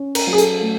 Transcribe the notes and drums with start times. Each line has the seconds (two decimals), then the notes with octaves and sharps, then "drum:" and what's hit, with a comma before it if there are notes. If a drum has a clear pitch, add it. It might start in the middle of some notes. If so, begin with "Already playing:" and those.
Already playing: C#4
0.15 A#4, drum: cymbal
0.27 F#3
0.33 G#4
0.38 A4, drum: hi-hat
0.61 A3